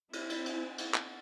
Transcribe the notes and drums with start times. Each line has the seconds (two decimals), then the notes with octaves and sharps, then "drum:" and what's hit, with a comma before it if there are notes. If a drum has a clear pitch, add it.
0.13 C4 E4, drum: cymbal
0.29 drum: cymbal
0.46 drum: cymbal
0.78 drum: cymbal
0.94 drum: clap